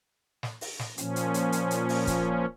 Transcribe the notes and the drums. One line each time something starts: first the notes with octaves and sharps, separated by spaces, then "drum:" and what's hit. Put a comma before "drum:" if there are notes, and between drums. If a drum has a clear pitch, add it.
drum: snare
drum: open hi-hat
drum: snare
A#2 F3 C#4, drum: hi-hat
drum: hi-hat
drum: hi-hat
drum: hi-hat
drum: hi-hat
drum: open hi-hat
drum: kick, hi-hat